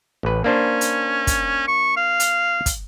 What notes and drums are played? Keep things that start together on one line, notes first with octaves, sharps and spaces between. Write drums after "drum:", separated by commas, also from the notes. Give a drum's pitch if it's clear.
A1 B4
A#3 C#4 D4 C5
drum: hi-hat
drum: kick, hi-hat
C#6
F5
drum: hi-hat
drum: kick, hi-hat